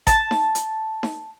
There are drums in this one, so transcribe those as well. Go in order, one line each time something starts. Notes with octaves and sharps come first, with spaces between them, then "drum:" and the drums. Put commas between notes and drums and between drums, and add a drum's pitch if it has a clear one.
A5, drum: kick, hi-hat
drum: snare D#4
drum: hi-hat
drum: snare D#4